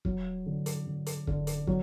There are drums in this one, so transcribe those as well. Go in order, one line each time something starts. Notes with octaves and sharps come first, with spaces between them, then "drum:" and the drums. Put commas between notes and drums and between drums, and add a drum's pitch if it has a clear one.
F#3, drum: kick
D3
drum: hi-hat
D3
drum: hi-hat
D3, drum: kick
drum: hi-hat
F#3, drum: kick